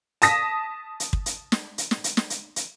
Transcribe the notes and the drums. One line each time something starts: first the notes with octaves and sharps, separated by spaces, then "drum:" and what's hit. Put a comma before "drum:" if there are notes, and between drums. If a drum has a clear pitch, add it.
A5 D#6 A#6 B6, drum: hi-hat
drum: hi-hat
drum: kick
drum: hi-hat
drum: snare
drum: hi-hat
drum: snare
drum: hi-hat
drum: snare
drum: hi-hat
drum: hi-hat